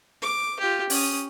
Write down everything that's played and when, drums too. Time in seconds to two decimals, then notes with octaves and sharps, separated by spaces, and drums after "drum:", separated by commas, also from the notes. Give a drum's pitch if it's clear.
0.22 D6
0.60 F4 G4
0.90 C#4 D#6, drum: open hi-hat